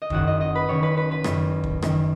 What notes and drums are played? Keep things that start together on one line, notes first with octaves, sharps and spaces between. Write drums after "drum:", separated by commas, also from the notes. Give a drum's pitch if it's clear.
D#5
F#1 F#2 D#3 F#4 F#5, drum: kick
D#5
D#5
B4 B5
F#1 F#2 D#3 C#5 C#6
B4 B5
B4 B5
B4 B5
F#1 F#2 D#3, drum: rim click
drum: kick
F#1 F#2 D#3, drum: rim click